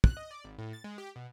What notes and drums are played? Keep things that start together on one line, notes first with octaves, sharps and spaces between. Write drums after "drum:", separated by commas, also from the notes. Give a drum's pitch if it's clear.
F#6, drum: kick
D#5
D5
G#1
A2
A6
G#3
G4
B2